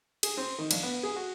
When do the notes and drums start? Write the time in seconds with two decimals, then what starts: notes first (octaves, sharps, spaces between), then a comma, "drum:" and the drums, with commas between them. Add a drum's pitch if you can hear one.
0.23 G#4, drum: cymbal
0.37 C4
0.58 D#3
0.71 A#1, drum: cymbal
0.83 B3
1.03 G#4
1.16 F#4